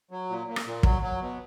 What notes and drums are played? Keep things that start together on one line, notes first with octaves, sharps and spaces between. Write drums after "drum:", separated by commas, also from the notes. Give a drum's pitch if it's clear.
F#3
A#2
A#2
drum: rim click
A#2
F#3, drum: kick
F#3
B2